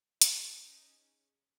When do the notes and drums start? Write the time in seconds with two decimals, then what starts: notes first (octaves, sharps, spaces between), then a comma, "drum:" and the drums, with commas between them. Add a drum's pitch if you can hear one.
0.22 C#4 D#4 G#4 C#5 D#5, drum: hi-hat